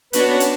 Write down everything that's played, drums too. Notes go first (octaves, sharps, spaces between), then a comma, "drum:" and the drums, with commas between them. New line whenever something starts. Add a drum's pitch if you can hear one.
B3 D4 F#4 B4 C#5, drum: hi-hat
C#4
drum: hi-hat